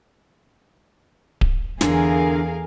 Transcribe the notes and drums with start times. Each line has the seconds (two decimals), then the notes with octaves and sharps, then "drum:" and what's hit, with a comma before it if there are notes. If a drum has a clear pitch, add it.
1.41 drum: kick D1
1.81 E2 D3 G#4 A#4 F5, drum: snare